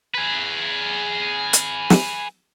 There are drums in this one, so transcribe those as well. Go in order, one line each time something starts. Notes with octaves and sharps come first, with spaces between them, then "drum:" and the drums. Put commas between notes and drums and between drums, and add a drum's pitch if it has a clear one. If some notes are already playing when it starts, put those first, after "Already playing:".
G#4 B4
drum: hi-hat
drum: snare